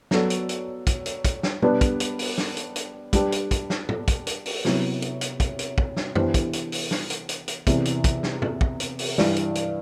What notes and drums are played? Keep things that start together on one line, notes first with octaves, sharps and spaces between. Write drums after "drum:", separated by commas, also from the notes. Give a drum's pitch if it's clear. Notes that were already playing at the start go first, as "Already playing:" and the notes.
F#3 B3 F#4 A4 D5, drum: snare
drum: hi-hat
drum: hi-hat
drum: kick, hi-hat
drum: hi-hat
drum: kick, hi-hat
drum: snare
G3 B3 D4 G4 B4, drum: tom B2
drum: kick, hi-hat
drum: hi-hat
drum: open hi-hat
drum: snare
drum: hi-hat
drum: hi-hat
G3 D4 G4 B4, drum: kick, hi-hat
drum: hi-hat
drum: kick, hi-hat
drum: snare
drum: tom
drum: kick, hi-hat
drum: hi-hat
drum: open hi-hat
C3 F#3 B3 E4, drum: snare
drum: hi-hat
drum: hi-hat
drum: kick, hi-hat
drum: hi-hat
drum: kick
drum: snare
E3 B3 D4 G4 C5, drum: tom F#2
drum: kick, hi-hat
drum: hi-hat
drum: open hi-hat
drum: snare
drum: hi-hat
drum: hi-hat
drum: hi-hat
E2 C3 E3, drum: kick, hi-hat
drum: hi-hat
drum: kick, hi-hat
drum: snare
drum: tom
drum: kick
drum: hi-hat
drum: open hi-hat
G2 E3 G3, drum: snare
drum: hi-hat
drum: hi-hat